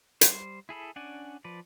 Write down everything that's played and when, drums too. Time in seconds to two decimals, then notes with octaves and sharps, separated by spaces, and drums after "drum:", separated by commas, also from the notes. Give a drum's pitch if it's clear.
0.21 G3 C5, drum: hi-hat
0.69 E4 G#4 A4 B5
0.96 C#4 D4 D5 F#5 G#5
1.44 F3 B4 D5